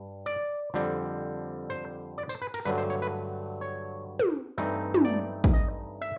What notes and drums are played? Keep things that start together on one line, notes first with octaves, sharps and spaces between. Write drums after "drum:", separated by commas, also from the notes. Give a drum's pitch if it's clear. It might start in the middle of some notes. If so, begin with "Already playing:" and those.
Already playing: G2
D5
F2 D3 G3 C4
C5
D5
C5, drum: tambourine
B4
A#4, drum: cymbal
G2 D3 F#3 A3 D4 B4
C5
C#5
B4
C#5
drum: tom
G2 E3 A3 C4 D#4
drum: tom
D5
drum: kick
D#5
E5